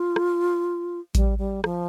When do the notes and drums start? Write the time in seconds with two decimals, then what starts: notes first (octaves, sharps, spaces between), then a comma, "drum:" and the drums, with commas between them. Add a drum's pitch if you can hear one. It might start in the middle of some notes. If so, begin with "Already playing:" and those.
Already playing: F4
0.16 drum: rim click
1.15 G3, drum: kick A1, hi-hat
1.38 G3
1.64 F3, drum: rim click